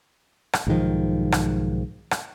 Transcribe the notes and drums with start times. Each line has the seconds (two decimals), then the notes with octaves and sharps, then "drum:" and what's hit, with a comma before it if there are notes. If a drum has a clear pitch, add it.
0.53 drum: rim click
0.67 B1 G#2 D#3 F3
1.32 drum: rim click
2.11 drum: rim click